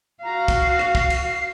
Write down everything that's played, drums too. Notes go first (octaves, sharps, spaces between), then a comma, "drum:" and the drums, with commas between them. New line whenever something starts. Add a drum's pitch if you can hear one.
F#4 F5 A#5
drum: kick, cymbal
C7
drum: rim click
C7, drum: kick
drum: cymbal